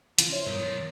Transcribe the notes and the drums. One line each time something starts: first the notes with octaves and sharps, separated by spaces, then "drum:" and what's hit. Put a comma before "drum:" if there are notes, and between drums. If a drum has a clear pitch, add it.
C#3 E3 F3 F4, drum: hi-hat
E4 C5 C#5
B1 G2 D#3 A#4
C6 A6